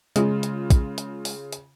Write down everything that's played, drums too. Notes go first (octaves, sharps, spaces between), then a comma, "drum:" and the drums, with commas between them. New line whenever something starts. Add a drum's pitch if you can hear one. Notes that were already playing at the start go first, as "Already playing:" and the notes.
C#3 G#3 F4, drum: hi-hat
drum: hi-hat
drum: kick, hi-hat
drum: hi-hat
drum: open hi-hat
drum: hi-hat